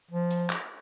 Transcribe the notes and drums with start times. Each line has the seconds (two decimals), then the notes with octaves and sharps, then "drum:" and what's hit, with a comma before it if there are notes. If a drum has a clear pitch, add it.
0.11 F3
0.31 drum: hi-hat
0.50 drum: clap